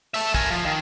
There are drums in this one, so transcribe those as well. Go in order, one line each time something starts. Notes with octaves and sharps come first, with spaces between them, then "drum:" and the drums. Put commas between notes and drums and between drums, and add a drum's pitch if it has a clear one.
E5 A5, drum: open hi-hat
A#4 G#5, drum: kick
F3
D#3